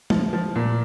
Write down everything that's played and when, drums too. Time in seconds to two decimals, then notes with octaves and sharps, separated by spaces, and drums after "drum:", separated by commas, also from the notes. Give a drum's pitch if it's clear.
0.10 F3 A3, drum: tom
0.33 F3
0.55 A#2